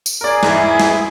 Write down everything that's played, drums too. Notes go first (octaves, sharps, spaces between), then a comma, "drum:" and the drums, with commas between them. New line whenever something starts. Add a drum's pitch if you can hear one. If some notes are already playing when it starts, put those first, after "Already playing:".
drum: tambourine
G#4 A#4 D5
E2 G#2 E3 E4, drum: snare
drum: snare